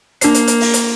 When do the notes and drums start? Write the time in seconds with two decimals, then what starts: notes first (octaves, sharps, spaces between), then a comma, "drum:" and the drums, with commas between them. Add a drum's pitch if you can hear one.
0.21 A#3 D4 C7, drum: hi-hat
0.34 drum: hi-hat
0.47 drum: hi-hat
0.61 drum: open hi-hat
0.74 drum: hi-hat